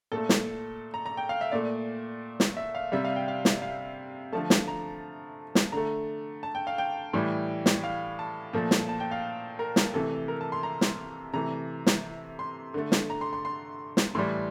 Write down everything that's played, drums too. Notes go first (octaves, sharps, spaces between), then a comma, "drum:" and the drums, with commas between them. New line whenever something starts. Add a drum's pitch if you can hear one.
A#2 A3 A4
drum: snare
A#5
A#5
G5
F5
E5
A#2 A3 D5
drum: snare
E5
F5
C3 G3 E5
F5
G5
F5
drum: snare
F5
D3 F3 A3 A5
drum: snare
A#5
drum: snare
D3 A3 A#5
A5
G5
F5
G5
A2 E3 G3
drum: snare
F5
A5
A#2 F3 A3
drum: snare
A5
G5
F5
A#4
drum: snare
C3 E3 A3 A4
A#4
A5
C6
A#5
drum: snare
C3 E3 A3 A#5
drum: snare
C6
D3 A3
drum: snare
A#5
C6
C6
C6
drum: snare
A2 E3 G3 C6